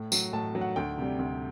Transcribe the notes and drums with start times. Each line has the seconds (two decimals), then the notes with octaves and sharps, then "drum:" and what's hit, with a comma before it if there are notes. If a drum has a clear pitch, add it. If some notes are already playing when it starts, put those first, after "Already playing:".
Already playing: A2
0.12 F#3, drum: tambourine
0.33 A2 A5
0.55 F#3
0.61 F#5
0.76 D2 G5
0.98 C3 G3
1.19 D2